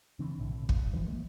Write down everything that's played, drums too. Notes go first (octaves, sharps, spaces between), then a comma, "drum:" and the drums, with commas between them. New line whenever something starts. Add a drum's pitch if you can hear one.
C#3 E3 C4 D4
B1 A2 D3
G2, drum: kick
E3 F3
A3 A#3